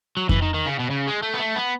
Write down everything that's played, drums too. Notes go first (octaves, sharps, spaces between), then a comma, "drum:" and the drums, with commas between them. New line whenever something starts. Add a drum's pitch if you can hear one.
F#3
E3, drum: kick F2
D#3
D#3
C#3
B2
C#3
G#3
A3
B3
A3
B3